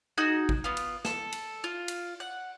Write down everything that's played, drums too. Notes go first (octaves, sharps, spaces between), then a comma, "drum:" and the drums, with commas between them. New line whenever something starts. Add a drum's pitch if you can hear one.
D#4 F#4 G#4
drum: kick G#1
B3 F4
drum: cymbal
A4, drum: snare
drum: cymbal
F4
drum: cymbal
F#5